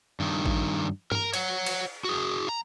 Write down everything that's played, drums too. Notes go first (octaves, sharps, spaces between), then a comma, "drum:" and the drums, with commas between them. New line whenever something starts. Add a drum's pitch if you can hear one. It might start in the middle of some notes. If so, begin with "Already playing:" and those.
G2 D#3
drum: kick A1
A#4 A#5, drum: tom G2
C#5 F#5, drum: cymbal
drum: cymbal
F#4 G#4
A#5